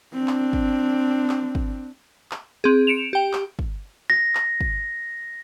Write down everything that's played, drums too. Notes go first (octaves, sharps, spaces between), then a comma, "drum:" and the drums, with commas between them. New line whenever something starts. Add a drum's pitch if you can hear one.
C4 D4
drum: clap
drum: kick
drum: clap
drum: kick
drum: clap
C4 G#4
C#7 D7 E7 F7
G4 G5
drum: clap
drum: kick
A#6
drum: clap
drum: kick